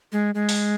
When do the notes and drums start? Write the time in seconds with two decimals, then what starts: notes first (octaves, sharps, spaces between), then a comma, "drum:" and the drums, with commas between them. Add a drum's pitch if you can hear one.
0.12 G#3
0.35 G#3
0.49 drum: open hi-hat